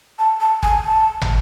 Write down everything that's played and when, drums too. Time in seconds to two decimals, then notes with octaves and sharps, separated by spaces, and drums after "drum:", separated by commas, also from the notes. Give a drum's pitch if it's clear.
0.19 A5
0.40 A5
0.63 G#5, drum: kick
0.85 A5
1.21 drum: tom